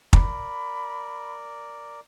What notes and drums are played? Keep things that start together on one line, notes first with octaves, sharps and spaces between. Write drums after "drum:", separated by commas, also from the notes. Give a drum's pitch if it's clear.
A#4 D5 B5, drum: kick